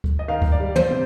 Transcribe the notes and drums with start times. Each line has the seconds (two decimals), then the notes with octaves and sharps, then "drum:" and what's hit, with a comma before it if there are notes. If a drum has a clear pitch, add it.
0.04 drum: kick D2
0.19 D#5
0.28 D#3 F5
0.42 drum: kick D2
0.52 D5
0.60 G3
0.76 C5, drum: tom
0.90 C3